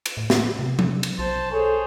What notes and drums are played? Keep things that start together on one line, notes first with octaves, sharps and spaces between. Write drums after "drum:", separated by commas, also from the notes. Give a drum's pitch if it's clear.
drum: cymbal
A2
drum: snare
C3
drum: tom F3
drum: cymbal
B1 C5 A5
G#4 A4 C5 C#5